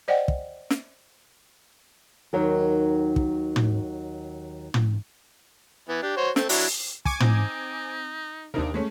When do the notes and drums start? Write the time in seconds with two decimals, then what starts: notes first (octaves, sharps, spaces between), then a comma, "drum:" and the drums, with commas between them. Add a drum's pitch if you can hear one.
0.08 C5 D5 D#5 F#5 G5
0.28 drum: kick
0.70 drum: snare
2.33 D#2 D#3 F#3 A#4
3.16 drum: kick
3.56 drum: tom
4.74 drum: tom
5.89 E3 B3
6.03 D4 G4
6.17 F#4 C5 C#5
6.36 A3 C4, drum: snare
6.49 F#3 D4 E4, drum: open hi-hat
7.05 G#5 C#6 D6 G#6, drum: kick
7.20 C4 D#4, drum: tom
8.54 D#2 C3 D4 D#4 A#4
8.74 G#3 A3 C#4